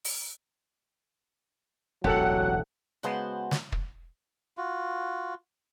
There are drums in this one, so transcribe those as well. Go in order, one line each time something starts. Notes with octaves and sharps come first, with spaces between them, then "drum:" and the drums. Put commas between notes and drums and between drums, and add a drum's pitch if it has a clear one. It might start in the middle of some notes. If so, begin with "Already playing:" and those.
drum: open hi-hat
E1 A1 D2 F#3 G4 A4 F#5, drum: kick
C#3 G#3 B3 F#4 C5 A5
drum: snare
drum: kick
F4 F#4